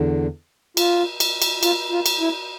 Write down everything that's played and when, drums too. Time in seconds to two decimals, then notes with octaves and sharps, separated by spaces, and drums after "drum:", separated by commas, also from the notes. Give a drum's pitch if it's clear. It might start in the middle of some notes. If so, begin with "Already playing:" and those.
Already playing: E2 D3
0.77 F4, drum: cymbal
1.20 drum: cymbal
1.42 drum: cymbal
1.63 F4, drum: cymbal
1.91 F4
2.06 drum: cymbal
2.20 E4